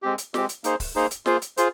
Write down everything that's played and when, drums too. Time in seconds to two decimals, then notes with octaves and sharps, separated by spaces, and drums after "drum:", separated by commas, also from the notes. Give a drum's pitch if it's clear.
0.02 G#3 C4 G4
0.18 drum: hi-hat
0.34 G#3 C4 G4, drum: snare
0.49 drum: hi-hat
0.64 A#3 D#4 G#4 C5, drum: hi-hat
0.80 drum: kick C#1, open hi-hat
0.95 A#3 D#4 G#4 C5
1.11 drum: hi-hat
1.26 A#3 F4 G#4 C5, drum: snare
1.42 drum: hi-hat
1.57 F4 G#4 C5, drum: hi-hat